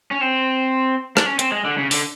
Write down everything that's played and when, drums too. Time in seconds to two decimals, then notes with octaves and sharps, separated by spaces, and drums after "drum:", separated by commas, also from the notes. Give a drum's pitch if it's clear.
0.11 C#4
0.21 C4
1.17 D4, drum: rim click
1.26 C#4
1.39 C4, drum: hi-hat
1.52 G#3
1.65 D3
1.78 C#3
1.91 D3, drum: open hi-hat